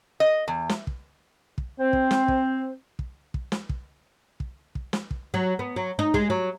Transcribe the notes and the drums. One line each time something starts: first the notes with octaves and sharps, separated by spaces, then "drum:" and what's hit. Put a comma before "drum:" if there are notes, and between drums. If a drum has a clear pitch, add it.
D#5
E2
drum: snare
drum: kick
drum: kick
C4 C5
drum: kick
drum: snare
drum: kick
drum: kick
drum: kick
drum: snare
drum: kick
drum: kick
drum: kick
drum: snare
drum: kick
F#3
B3
F#3
D#4
G#3, drum: kick
F#3